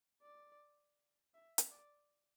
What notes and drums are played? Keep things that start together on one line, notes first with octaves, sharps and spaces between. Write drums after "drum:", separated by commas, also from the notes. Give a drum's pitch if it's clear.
D5
E5
drum: hi-hat
D5